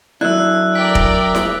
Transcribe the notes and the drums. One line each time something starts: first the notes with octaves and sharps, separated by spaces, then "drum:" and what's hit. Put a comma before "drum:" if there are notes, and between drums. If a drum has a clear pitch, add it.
F#3 A3 D4 E4 E6 F#6
A#4 D5 G5 B6
drum: kick F1
drum: snare E4